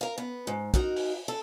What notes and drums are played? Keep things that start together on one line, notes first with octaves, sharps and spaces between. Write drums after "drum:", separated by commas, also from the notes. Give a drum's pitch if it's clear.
A#4 F5
B3
G#2
D#4 F#4 A#4, drum: kick
drum: open hi-hat
A4